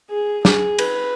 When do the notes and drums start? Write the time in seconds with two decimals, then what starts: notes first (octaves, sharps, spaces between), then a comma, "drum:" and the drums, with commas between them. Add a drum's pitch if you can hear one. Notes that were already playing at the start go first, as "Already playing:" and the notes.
0.10 G#4
0.45 G#4, drum: snare
0.79 B4, drum: cymbal